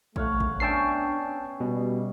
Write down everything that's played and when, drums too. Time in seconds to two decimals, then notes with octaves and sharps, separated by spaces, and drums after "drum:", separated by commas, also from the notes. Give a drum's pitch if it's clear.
0.16 A3 C#5 F5 F#5, drum: kick A1
0.40 drum: kick A1
0.60 B3 C#4 D4 E5 G5 A5 C7
1.60 B2 G3